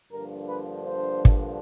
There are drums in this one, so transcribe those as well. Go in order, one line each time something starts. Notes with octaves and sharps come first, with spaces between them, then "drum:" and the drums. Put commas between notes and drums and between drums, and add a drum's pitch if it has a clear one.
G2 D3 F3 A#3 A#4
B4
C5
drum: kick